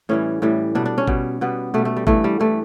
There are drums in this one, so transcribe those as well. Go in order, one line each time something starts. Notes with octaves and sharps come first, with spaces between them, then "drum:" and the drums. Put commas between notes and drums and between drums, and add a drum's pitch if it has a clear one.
A2 E3 G3 C#4
A2 E3 G3
B2 G3 D4
D4
C#4
B2 G3, drum: kick
B2 G3 B3
B2 G3 A3
A3
G3
G2 E3 G3 A3, drum: kick
G3
G2 E3 G3 A3